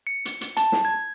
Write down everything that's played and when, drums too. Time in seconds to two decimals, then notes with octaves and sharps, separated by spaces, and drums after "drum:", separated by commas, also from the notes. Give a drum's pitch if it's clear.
0.07 C#7
0.25 drum: hi-hat
0.41 drum: hi-hat
0.57 A5, drum: hi-hat
0.72 drum: snare
0.85 G#6